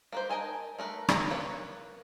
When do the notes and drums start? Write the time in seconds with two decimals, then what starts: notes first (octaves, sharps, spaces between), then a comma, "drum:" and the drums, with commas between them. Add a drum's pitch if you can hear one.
0.12 A#3 B4 C5
0.30 A#4 D#5 G#5 A5
0.78 A3 A#4 B4
1.08 D5 A#5, drum: rim click
1.31 A#3 B4 C#5